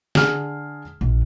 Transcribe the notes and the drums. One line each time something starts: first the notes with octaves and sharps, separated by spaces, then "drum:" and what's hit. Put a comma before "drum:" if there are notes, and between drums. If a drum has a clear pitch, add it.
D3 G#4 F6, drum: snare
A#1